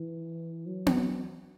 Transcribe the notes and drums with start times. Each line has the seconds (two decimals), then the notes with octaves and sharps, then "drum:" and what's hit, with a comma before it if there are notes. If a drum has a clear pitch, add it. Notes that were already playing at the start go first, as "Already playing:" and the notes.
Already playing: E3
0.66 F#3
0.86 drum: tom B3